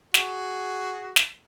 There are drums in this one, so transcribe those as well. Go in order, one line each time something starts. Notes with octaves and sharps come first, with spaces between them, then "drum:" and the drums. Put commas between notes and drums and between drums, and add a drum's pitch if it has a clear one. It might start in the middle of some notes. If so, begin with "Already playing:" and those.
F#4 G#4, drum: snare
drum: snare